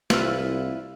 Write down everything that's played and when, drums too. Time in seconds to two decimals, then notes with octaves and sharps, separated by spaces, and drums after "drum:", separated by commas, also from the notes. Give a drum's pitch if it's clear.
0.10 C2 C4 E4 F4 B4 E6, drum: snare